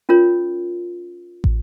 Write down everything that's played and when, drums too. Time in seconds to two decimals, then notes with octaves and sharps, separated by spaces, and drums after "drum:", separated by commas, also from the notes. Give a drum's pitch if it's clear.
0.09 C#4 F4 A#4 C#5
1.44 drum: kick